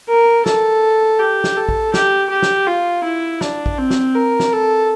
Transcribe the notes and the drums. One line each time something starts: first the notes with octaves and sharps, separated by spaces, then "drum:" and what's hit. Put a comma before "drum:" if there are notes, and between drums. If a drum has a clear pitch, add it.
A#4
A4, drum: snare
G4
drum: snare
A4
drum: kick
G4, drum: snare
G4
drum: snare
F4
E4
D4, drum: snare
drum: kick
C4
drum: snare
A#4
drum: snare
A4